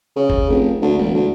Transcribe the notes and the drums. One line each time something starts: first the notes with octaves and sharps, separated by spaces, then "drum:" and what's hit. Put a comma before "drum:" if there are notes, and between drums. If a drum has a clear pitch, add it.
C#3
drum: kick G1
F1
D2
E1
D2